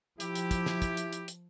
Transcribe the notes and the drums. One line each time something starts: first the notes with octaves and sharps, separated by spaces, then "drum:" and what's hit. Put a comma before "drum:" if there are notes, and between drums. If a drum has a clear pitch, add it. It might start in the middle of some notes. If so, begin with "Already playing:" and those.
F3 E4 G4, drum: hi-hat
drum: hi-hat
drum: kick, hi-hat
drum: snare
drum: kick, hi-hat
drum: hi-hat
drum: hi-hat
drum: hi-hat